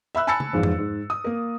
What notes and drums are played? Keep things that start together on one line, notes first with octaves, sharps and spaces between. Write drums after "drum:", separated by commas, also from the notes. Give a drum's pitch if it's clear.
E5 B5 E6 F#6
G#5 A5 B5 E6 A6 C#7
drum: tom
E2 G#2 F3
drum: tom F2
G#2
D#6
A#3 A#4